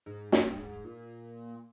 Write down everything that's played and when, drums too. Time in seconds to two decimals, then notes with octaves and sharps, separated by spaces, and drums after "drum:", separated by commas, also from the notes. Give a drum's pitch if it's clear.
0.06 G#2
0.32 G2, drum: snare
0.49 G2
0.58 G#2
0.84 A#2